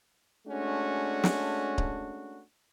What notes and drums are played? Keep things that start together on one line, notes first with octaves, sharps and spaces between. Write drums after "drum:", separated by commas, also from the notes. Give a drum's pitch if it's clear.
G#3 A3 C#4 D4 F#4
drum: snare
drum: kick D1